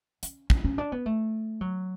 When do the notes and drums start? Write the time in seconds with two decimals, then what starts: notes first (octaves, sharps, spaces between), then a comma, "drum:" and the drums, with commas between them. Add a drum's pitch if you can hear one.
0.23 C#4, drum: hi-hat
0.50 C#4, drum: kick
0.64 C#4
0.78 D4
0.92 B3
1.06 A3
1.61 F#3